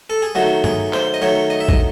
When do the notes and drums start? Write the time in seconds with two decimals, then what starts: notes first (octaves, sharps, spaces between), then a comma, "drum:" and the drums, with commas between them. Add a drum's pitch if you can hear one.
0.10 A4
0.22 G#4
0.35 D#3 F#3 A3 F#4
0.64 G#4, drum: tom
0.93 C5, drum: clap
1.14 D#5
1.21 D#3 F#3 A3 C#5
1.50 D#5
1.60 E5
1.69 D#5, drum: kick A1